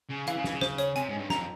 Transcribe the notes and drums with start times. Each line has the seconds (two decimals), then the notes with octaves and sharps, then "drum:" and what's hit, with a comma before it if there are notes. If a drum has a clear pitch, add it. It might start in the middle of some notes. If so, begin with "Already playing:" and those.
0.10 C#3
0.27 E3 F5, drum: hi-hat
0.37 C#3
0.44 E3, drum: snare
0.53 C#3
0.61 C5, drum: snare
0.78 C#5, drum: hi-hat
0.96 C3 G#5, drum: hi-hat
1.09 G#2
1.18 G2
1.30 F2 A#5, drum: snare